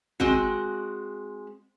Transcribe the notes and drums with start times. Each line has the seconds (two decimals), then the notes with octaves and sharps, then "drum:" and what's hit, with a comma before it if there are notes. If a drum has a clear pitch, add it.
0.20 G#3 C4 F#4, drum: kick